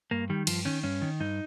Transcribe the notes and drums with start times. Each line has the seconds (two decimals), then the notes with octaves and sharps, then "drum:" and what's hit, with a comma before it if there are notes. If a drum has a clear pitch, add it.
0.11 G2 A#3
0.30 D#3 G3
0.47 G2 F3, drum: cymbal
0.65 D#3 C#4
0.83 G2 C#4
1.02 D#3
1.20 G2 D#4